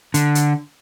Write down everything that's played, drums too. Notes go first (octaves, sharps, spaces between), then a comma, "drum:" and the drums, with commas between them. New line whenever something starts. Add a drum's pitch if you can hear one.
D3, drum: hi-hat
drum: hi-hat